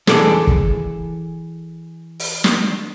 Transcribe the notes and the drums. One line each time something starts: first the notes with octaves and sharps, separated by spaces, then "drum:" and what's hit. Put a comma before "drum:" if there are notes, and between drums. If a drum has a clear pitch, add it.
E3 G#4 A4 D5, drum: snare
drum: kick
drum: open hi-hat
drum: snare